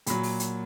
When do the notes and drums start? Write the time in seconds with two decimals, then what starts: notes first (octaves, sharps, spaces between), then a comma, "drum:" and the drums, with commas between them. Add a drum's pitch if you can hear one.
0.07 A#2 F#3 B5, drum: hi-hat
0.23 drum: open hi-hat
0.40 drum: hi-hat